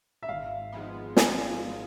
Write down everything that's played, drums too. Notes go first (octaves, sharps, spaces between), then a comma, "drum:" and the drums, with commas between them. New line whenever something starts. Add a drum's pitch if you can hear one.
E5
G#1 F5
G#2 F3 G#3 B3
G#1 G#5, drum: snare